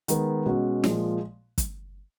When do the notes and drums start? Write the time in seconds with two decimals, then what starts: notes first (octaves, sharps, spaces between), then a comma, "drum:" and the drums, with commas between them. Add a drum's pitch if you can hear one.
0.08 D#3 G#3 B3, drum: hi-hat
0.46 B2 G#3 C#4 F#4
0.84 A#2 F3 G#3, drum: snare
1.58 drum: kick, hi-hat